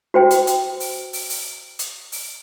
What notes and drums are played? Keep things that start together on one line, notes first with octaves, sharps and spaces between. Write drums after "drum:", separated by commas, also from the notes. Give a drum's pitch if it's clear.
F#4 C5 G5
drum: hi-hat
drum: hi-hat
drum: open hi-hat
drum: open hi-hat
drum: open hi-hat
drum: hi-hat
drum: open hi-hat